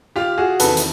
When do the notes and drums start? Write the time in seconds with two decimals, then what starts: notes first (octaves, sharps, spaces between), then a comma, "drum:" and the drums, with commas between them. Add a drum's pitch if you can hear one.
0.16 F4 G4
0.38 F#4 G#4
0.60 E2 C3 D#3 A4 B4, drum: hi-hat
0.77 drum: hi-hat